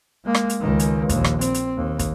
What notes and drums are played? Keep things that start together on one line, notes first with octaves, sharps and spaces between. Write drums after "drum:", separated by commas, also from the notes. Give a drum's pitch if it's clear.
G#3 A#3
drum: rim click
drum: hi-hat
C#2 D#3
drum: hi-hat
A#1 D#2, drum: kick, hi-hat
drum: rim click
C4, drum: hi-hat
drum: hi-hat
D#2
drum: kick, hi-hat